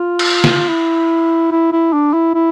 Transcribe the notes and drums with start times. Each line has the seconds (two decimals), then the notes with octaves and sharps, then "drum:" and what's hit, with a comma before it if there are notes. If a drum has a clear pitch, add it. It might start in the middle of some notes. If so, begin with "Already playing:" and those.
Already playing: F4
0.19 drum: cymbal
0.44 drum: snare
0.69 E4
1.52 E4
1.72 E4
1.93 D4
2.13 E4
2.34 E4